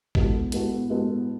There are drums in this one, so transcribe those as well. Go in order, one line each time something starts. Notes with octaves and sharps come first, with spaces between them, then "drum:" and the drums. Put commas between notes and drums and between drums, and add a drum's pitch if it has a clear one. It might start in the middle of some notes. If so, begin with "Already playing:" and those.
A2 G#3 B3 F#4 A4, drum: kick
A2 G#3 B3 F#4 A4, drum: hi-hat
A2 G#3 B3 F#4 A4